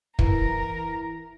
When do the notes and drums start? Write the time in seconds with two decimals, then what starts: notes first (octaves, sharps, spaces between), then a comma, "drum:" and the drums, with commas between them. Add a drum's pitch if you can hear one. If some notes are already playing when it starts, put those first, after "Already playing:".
0.19 E3 A#4 A#5, drum: kick